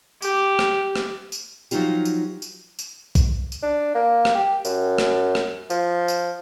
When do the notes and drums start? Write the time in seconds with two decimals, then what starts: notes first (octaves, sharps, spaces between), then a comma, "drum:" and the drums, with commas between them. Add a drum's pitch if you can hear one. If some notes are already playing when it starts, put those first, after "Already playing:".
0.22 G4, drum: tambourine
0.59 drum: rim click
0.96 drum: rim click
1.32 drum: tambourine
1.71 F3 F#3 G#3 D#4 F4 G4, drum: tambourine
2.05 drum: tambourine
2.42 drum: tambourine
2.79 drum: tambourine
3.15 drum: kick A#1, tambourine
3.52 drum: tambourine
3.63 D4
3.95 A#3
4.25 drum: rim click
4.35 G4
4.65 F#2, drum: tambourine
4.98 drum: rim click
5.35 drum: rim click
5.70 F3, drum: tambourine
6.08 drum: tambourine